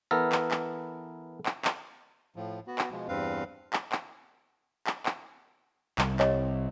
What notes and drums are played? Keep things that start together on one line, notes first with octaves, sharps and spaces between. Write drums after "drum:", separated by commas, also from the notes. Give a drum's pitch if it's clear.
E3 B3 A4 A#4
drum: clap
drum: clap
drum: clap
drum: clap
A2 F3
B3 F#4
drum: clap
B2 F3 G#3
E2 G2 C4 B4 F5
drum: clap
drum: clap
drum: clap
drum: clap
C2, drum: clap
G4 C#5 D#5, drum: clap